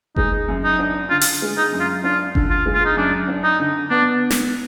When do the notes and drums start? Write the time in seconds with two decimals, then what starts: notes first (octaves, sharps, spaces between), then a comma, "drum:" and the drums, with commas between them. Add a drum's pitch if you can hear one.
0.16 G#3 D#4, drum: kick F#1
0.48 F#2
0.64 D#4
0.79 D4
1.10 D3 F4
1.21 drum: open hi-hat
1.42 G#3
1.57 D#4
1.72 F#2
1.80 F4
2.04 D4 F4
2.35 D3, drum: kick F#1
2.50 F4
2.66 G#3
2.75 F4
2.85 D#4
2.97 F#2 D4
3.28 D4
3.44 D#4
3.60 D3
3.90 B3 D4
4.31 drum: snare